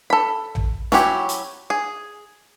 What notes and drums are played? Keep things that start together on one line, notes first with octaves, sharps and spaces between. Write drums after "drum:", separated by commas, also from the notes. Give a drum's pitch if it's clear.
A4 B5
drum: tom A1
F#3 C#4 E4 F#4 G4, drum: snare
drum: hi-hat
G#4